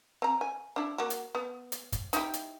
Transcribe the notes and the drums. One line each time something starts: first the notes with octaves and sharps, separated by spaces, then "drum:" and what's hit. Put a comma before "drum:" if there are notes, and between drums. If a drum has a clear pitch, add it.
C4 A#5
G#5
D4 E4
A#3 F#4
drum: hi-hat
B3
drum: hi-hat
drum: kick, hi-hat
D#4 E4 G4, drum: hi-hat
drum: hi-hat